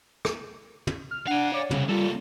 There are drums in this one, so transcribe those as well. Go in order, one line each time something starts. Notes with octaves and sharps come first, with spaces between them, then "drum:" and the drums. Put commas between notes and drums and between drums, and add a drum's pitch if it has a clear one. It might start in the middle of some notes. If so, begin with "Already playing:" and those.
drum: rim click
drum: tom
F6
D4 F5 F#5 G#5
C#5 D5
C2 C#3, drum: tom
G3 A#3 F4 A4